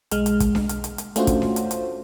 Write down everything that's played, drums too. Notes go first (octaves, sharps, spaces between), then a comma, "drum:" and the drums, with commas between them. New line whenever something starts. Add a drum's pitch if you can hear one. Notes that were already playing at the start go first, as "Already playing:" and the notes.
B1 G#3 F6, drum: hi-hat
drum: hi-hat
drum: kick, hi-hat
drum: snare D4
drum: hi-hat
drum: hi-hat
drum: hi-hat
A3 C#4 D4 F4 F#4 C5, drum: hi-hat
drum: kick, hi-hat
drum: snare D4
drum: hi-hat
drum: hi-hat